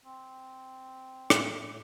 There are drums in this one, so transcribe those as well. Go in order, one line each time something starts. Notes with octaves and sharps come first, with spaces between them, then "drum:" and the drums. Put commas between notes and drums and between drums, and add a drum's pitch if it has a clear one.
C4
A2, drum: rim click